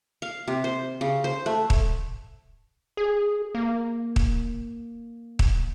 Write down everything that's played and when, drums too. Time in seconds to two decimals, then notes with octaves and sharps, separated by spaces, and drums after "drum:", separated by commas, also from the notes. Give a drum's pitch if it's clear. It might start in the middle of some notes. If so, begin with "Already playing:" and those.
0.22 F5
0.48 C3
0.64 C5
1.01 C#3
1.24 C5
1.46 A3
1.70 drum: kick
2.97 G#4
3.55 A#3
4.16 drum: kick
5.39 drum: kick